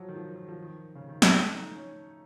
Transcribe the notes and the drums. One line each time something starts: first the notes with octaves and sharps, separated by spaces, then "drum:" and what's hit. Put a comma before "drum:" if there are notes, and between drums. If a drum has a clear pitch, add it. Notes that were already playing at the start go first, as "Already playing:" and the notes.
Already playing: F3 F#3
D#3
F3
D#3
F3
D#3
C#3
D#3
F3, drum: snare
A3
D#4
C#4